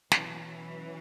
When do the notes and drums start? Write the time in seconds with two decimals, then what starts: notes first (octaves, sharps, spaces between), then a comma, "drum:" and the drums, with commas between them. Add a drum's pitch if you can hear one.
0.12 B2 E3 F#3 C#4 F#4, drum: snare